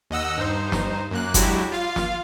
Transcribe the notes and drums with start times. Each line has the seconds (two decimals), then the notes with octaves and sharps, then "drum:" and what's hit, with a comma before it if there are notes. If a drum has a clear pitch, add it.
0.10 D#2 D#5 F#5 E6
0.37 G2 D#4 C5
0.72 drum: snare
1.11 F#2 A#3 F#6
1.34 F#3 G#3 D4 E4 F#4 G4, drum: kick F#1, hi-hat
1.72 F4 F5
1.96 drum: snare